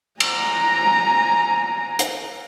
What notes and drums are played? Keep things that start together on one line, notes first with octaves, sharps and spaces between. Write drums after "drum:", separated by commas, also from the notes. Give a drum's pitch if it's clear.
G#5 A#5, drum: cymbal
drum: hi-hat